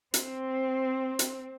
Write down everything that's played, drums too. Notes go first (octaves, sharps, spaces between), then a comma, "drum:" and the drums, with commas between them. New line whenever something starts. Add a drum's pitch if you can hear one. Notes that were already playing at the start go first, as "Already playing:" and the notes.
C4, drum: hi-hat
drum: hi-hat